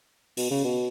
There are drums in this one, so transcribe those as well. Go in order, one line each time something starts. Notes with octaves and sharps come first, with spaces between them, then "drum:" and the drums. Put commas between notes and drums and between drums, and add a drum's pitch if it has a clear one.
B2, drum: open hi-hat
C#3
B2